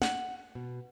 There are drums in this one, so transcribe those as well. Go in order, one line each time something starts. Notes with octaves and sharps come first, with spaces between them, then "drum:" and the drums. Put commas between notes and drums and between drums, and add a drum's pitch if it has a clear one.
F#5, drum: snare
B2